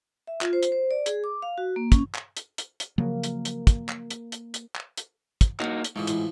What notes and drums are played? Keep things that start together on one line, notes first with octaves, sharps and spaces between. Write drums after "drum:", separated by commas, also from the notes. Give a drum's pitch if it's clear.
E5
F4, drum: clap
C5
drum: hi-hat
C5
D5
G#4, drum: hi-hat
D6
F5
F#4
A#3
C#4, drum: kick, hi-hat
drum: clap
drum: hi-hat
drum: hi-hat
drum: hi-hat
C#3 F3 F#3 A#3
drum: hi-hat
drum: hi-hat
drum: kick, hi-hat
drum: clap
drum: hi-hat
drum: hi-hat
drum: hi-hat
drum: clap
drum: hi-hat
drum: kick, hi-hat
A#3 D#4 F#4, drum: clap
drum: hi-hat
G#2 E3 F3 A3
A2 E3 F3, drum: hi-hat